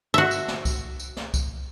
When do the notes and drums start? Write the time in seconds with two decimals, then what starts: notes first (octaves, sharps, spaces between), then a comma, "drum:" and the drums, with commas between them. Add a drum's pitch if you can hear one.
0.14 F#4 E5
0.31 drum: tambourine
0.48 drum: snare
0.65 drum: kick C2, tambourine
0.99 drum: tambourine
1.17 drum: snare
1.34 drum: kick C2, tambourine